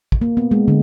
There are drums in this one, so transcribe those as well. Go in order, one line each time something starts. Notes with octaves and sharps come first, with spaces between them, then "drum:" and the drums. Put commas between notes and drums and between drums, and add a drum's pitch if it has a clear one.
drum: kick
A#3
B3
G#3
D3